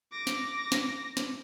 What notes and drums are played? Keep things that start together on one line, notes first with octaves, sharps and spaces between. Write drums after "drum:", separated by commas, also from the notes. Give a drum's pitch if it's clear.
D6 A#6
drum: snare
drum: snare
drum: snare